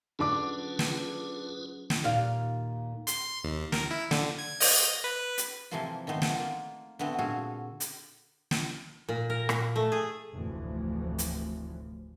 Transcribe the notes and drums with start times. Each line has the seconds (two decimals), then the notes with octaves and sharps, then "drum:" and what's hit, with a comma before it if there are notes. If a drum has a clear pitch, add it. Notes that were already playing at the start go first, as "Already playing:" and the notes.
0.19 D3 F#3 C#4 D4 F4 G#4 B4 D6
0.79 drum: snare
1.90 drum: snare
2.04 D#2 A#2 F5
3.07 C6, drum: hi-hat
3.44 D#2
3.72 A#4, drum: snare
3.91 E4
4.11 D3, drum: snare
4.39 G#6
4.60 D#5, drum: open hi-hat
5.04 B4
5.38 drum: hi-hat
5.71 C3 E3 F3 A3 A#3 F4
6.07 D#3 A3 B3 C5
6.22 drum: snare
6.37 A#3 F4
6.99 D3 A3 B3 C4 F#4
7.19 A#2 F#4 G#4 A4 F5
7.80 drum: hi-hat
8.51 drum: snare
9.09 A#2
9.30 A#4
9.49 A#2, drum: rim click
9.76 A3
9.92 G#4
10.33 F1 D2 A2 E3 F3
11.18 drum: hi-hat